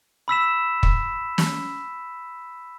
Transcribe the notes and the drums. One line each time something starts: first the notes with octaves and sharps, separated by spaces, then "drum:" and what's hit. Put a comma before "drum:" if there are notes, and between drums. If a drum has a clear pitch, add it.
B5 E6 B6 E7
drum: kick
drum: snare